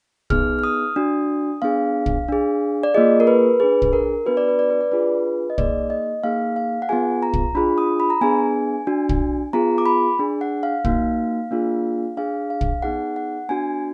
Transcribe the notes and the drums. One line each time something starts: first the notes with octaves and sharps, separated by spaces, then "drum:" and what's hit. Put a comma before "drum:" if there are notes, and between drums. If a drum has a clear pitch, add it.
B3 D#4 G#4 F6, drum: kick
F6
D#6
D4 F#4
B3 D4 G#4 F5
drum: kick
D4 G#4
D5
A#3 F4 G#4 D#5
A#4
B4
D4 G#4 B4
drum: kick
A#4
B3 D4 F#4 B4
D5
B4
D5
B4
D5
D4 F4 G#4 B4
D#5
A#3 D#4 G#4 D5, drum: kick
D#5
A#3 D#4 G#4 F5
F5
F#5
B3 F4 G#4 G#5
A#5
drum: kick
D4 F4 G#4 B5
D#6
B5
A#5
B3 D4 G#4 G#5
D4 F#4
drum: kick
B3 F4 G#4 A#5
D6
B5
D4 G#4
F#5
F5
A#3 D#4 F#4, drum: kick
A#3 D4 F4 G#4
D4 G#4 F5
F5
drum: kick
B3 D#4 G#4 F#5
F#5
B3 D4 F#4 G#5